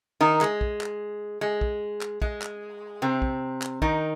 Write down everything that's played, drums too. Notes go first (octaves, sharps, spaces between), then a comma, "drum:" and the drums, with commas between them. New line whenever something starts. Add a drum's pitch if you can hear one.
D#3 D#4
G#3, drum: clap
drum: kick
drum: clap
G#3
drum: kick
drum: clap
G#3, drum: kick
drum: clap
C3 C4
drum: kick
drum: clap
D#3 D#4, drum: kick